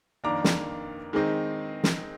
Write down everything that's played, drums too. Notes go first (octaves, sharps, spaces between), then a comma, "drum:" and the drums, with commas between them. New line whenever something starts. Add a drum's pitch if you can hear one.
F2 D#3 A#3 D4 A#5 D6
drum: snare
D#3 G#3 C4 D#4
drum: snare